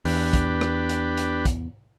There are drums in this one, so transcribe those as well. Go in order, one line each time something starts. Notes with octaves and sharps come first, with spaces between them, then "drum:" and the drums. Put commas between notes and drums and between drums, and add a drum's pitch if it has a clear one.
E2 D4 G4 B4, drum: open hi-hat
drum: kick, hi-hat
drum: rim click
drum: hi-hat
drum: hi-hat
drum: kick, hi-hat